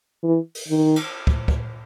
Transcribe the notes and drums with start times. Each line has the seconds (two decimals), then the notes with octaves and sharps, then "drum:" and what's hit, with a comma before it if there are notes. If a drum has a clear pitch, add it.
0.23 E3
0.55 drum: open hi-hat
0.68 D#3
0.96 drum: cymbal
1.27 drum: kick
1.48 drum: kick